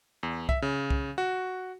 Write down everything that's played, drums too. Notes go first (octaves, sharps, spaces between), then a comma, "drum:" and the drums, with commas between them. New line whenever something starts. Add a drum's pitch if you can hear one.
E2
E5, drum: kick C2
C#3
drum: kick C2
F#4